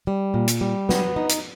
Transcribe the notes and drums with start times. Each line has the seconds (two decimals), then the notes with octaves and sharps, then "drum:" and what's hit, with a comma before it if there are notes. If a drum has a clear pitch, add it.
0.07 G3
0.34 A#2
0.48 drum: hi-hat
0.61 G3
0.89 B3, drum: snare
1.16 D#4
1.29 drum: hi-hat